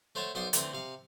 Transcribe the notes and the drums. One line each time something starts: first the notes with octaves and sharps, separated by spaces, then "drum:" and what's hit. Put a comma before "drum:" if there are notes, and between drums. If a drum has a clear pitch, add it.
A3 C5 C#5 F#5 A5
B1 B3 C5 D5 F#5 C6
D3 E3 A3 C4, drum: hi-hat
C3 F5